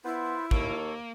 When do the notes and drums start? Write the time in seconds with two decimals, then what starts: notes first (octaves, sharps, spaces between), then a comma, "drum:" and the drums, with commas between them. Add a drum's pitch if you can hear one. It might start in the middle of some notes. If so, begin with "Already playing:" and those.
0.05 B3 E4 F4 B4 C5
0.51 D#2 A#3 A4 C#5, drum: kick